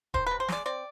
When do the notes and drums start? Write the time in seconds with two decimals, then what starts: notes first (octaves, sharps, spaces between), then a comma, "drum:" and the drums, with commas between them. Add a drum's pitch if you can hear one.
0.14 D#3 C5, drum: kick D#1
0.26 B4
0.31 C3
0.40 C5
0.48 G#3 D5, drum: snare
0.66 C4 D5